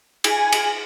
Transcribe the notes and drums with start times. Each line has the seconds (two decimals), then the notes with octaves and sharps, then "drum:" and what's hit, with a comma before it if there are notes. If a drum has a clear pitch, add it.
0.24 G#5, drum: cymbal
0.52 drum: cymbal